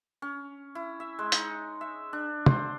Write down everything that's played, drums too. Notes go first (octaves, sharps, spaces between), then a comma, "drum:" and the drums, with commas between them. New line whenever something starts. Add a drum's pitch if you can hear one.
C#4
E4
E5
G#3
D#4, drum: hi-hat
E5
D4
C5, drum: tom